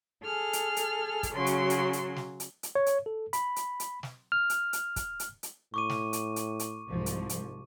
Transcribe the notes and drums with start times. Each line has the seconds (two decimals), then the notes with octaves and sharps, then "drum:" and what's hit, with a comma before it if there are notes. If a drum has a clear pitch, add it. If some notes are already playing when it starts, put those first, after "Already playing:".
0.23 G#4 A4 F6
0.53 drum: hi-hat
0.77 drum: hi-hat
1.23 drum: kick, hi-hat
1.33 C#3 F#3 C6
1.46 drum: hi-hat
1.70 drum: hi-hat
1.93 drum: hi-hat
2.16 drum: snare
2.40 drum: hi-hat
2.63 drum: hi-hat
2.75 C#5
2.86 drum: hi-hat
3.06 A4
3.33 B5, drum: hi-hat
3.56 drum: hi-hat
3.80 drum: hi-hat
4.03 drum: snare
4.32 F6
4.50 drum: hi-hat
4.73 drum: hi-hat
4.96 drum: kick, hi-hat
5.20 drum: hi-hat
5.43 drum: hi-hat
5.74 A2 C#6 D6 D#7
5.90 drum: snare
6.13 drum: hi-hat
6.36 drum: hi-hat
6.59 drum: hi-hat
6.87 C2 G#2 F3
7.06 drum: hi-hat
7.29 drum: hi-hat